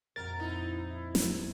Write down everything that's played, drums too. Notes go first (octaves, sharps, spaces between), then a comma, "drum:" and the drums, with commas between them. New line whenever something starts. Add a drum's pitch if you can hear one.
A#1 F2 F#4 A#4 A6
D#4 E4
E4
drum: snare